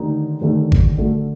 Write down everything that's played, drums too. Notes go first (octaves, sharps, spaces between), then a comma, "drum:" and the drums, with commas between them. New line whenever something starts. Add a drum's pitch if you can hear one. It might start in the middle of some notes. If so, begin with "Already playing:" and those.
Already playing: D#2 D3 A3 D#4
D#2 D3 A3 D#4
drum: kick G#1
D3 A3 D4 F#4